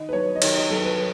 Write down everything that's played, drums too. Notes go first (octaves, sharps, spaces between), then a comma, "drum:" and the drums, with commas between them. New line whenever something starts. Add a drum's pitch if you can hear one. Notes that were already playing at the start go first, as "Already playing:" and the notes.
Already playing: D#3 D#5
B4
F#3 B3 C#5
D#5
D#3 C#5, drum: cymbal
D#5
F#3 B3 A4
B4